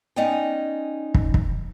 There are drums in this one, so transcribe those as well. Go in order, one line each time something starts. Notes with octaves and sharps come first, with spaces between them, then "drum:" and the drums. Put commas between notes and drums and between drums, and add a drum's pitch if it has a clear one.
B3 C#4 D#4 D5 D#5 G5
drum: kick
drum: kick